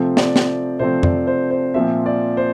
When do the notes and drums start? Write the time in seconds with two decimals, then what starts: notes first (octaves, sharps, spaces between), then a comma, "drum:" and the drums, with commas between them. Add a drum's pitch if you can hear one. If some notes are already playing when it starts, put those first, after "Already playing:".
Already playing: C3 F3 A3 C4
0.17 D5, drum: snare
0.36 drum: snare
0.79 C3 F3 A3 C4 C5
1.03 D5, drum: tom F2
1.27 C5
1.51 C5
1.74 A#2 F3 C4 E5
2.06 D5
2.37 C5